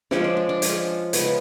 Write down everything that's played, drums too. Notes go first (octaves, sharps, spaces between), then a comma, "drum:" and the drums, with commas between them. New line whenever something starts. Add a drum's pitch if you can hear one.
F3 G#3 C#4 D4, drum: snare
D4
D4
D4
F3 G#3 C#4 F4, drum: hi-hat
C#3 F3 G#3 B3, drum: hi-hat